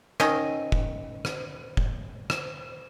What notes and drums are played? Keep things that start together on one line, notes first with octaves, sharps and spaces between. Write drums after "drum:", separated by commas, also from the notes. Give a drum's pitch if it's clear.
D#3 C#4 D#5, drum: rim click
drum: kick
drum: rim click
drum: kick
drum: rim click